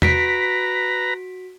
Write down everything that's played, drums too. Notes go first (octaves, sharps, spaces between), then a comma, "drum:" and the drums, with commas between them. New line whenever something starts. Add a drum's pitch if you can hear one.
F#4 B4 A#5 B6 D7, drum: tom E2